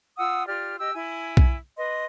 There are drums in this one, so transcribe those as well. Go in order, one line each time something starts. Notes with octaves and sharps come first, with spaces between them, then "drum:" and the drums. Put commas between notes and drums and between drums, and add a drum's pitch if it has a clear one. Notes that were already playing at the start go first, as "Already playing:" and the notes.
F4 F#5 D#6 E6
F4 G4 D5 F6
G4 D#5 E6
E4 G#5
drum: kick B1
B4 D#5 C6